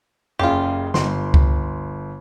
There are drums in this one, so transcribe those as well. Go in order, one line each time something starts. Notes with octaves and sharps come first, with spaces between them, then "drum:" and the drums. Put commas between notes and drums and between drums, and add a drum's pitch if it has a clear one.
F#1 C#3 F4 G4
G1 C6, drum: snare
drum: kick C#2